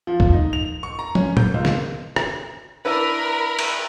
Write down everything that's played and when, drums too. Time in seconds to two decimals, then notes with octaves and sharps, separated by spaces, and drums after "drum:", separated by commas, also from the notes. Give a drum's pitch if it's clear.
0.07 F3
0.20 drum: kick
0.33 D#4
0.53 F7
0.83 C#6
0.99 A#5
1.15 C#4, drum: tom
1.37 G6, drum: tom
1.54 C#2
1.65 drum: snare
2.16 drum: rim click
2.85 D4 E4 A#4 B4 B5
3.59 drum: cymbal